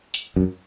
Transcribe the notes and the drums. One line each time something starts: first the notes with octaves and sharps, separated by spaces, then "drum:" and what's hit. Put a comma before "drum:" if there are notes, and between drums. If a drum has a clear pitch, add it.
drum: hi-hat
F#2